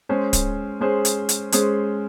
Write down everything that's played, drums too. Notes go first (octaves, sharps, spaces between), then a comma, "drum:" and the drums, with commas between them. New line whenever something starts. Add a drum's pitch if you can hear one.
G#3 C#4 G#4 C5
drum: kick D1, hi-hat
G#3 C#4 G#4 C5
drum: hi-hat
drum: hi-hat
G#3 C#4 G#4 C5, drum: hi-hat